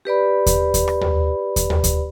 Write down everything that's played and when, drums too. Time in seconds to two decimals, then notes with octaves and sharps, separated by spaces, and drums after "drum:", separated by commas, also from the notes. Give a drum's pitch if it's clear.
0.05 G4 B4 D5 B5
0.46 drum: kick D#2, hi-hat
0.74 drum: kick D#2, hi-hat
0.88 drum: rim click
1.01 drum: tom D#2
1.56 drum: kick D#2, hi-hat
1.70 drum: tom D#2
1.84 drum: kick D#2, hi-hat